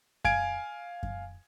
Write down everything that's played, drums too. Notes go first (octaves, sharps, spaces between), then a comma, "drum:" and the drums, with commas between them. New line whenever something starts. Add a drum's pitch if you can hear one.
F5 G#5 G#6 D7, drum: kick F#2
drum: kick F#2